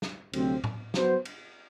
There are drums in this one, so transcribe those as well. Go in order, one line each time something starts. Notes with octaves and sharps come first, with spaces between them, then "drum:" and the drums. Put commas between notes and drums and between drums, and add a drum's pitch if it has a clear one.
drum: snare
D2 C3 F#3 C4, drum: cymbal
drum: tom A2
F#3 B3 F#4 C5, drum: snare
drum: cymbal